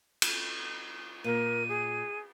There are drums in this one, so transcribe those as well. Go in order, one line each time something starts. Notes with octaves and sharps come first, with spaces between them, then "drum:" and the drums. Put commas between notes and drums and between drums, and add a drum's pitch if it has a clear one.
drum: cymbal
A#2 A#4 D#7
G#4